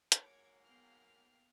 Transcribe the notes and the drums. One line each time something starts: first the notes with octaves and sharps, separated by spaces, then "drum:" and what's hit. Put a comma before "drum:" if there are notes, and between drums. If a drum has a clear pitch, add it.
G#2 F#3 A#3 C#5 D6 G#6, drum: hi-hat
B3 F5 G5 F6